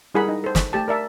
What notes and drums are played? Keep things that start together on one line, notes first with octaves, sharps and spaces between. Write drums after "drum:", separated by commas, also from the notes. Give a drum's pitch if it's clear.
G3 E4 G#4 A#4 F#5 B5
D#4 D#5
A4 C5
drum: snare
A3 G4 A5
A#4 D5 E5 A5